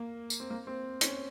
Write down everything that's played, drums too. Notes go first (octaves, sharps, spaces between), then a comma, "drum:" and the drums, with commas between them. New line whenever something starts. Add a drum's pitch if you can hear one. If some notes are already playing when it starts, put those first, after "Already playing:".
Already playing: A#3
drum: tambourine
C4
A#3
C4
C#4, drum: hi-hat